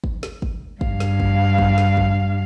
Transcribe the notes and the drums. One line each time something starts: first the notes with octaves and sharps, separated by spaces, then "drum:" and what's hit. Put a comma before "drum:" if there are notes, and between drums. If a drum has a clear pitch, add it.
drum: kick
drum: snare
drum: kick
G2 F5, drum: kick
drum: snare
drum: kick
drum: kick
drum: snare
drum: kick